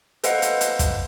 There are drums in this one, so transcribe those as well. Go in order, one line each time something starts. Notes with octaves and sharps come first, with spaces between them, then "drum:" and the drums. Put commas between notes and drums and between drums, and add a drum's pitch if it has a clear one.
A4 B4 C5 D#5 F5 F#5, drum: hi-hat
drum: hi-hat
drum: hi-hat
drum: kick, hi-hat